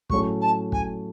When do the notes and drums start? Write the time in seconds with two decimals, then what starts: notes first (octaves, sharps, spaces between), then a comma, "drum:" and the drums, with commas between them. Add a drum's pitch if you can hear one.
0.10 A2 F#3 A3 C#4 C#6, drum: kick
0.41 A5
0.72 G#5, drum: kick